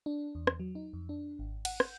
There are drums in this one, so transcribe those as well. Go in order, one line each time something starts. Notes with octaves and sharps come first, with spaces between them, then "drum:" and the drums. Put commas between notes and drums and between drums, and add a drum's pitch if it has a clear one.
D4
E2
drum: rim click
F#3
D#4
F2
D4
G#1
F#5, drum: cymbal
G6, drum: rim click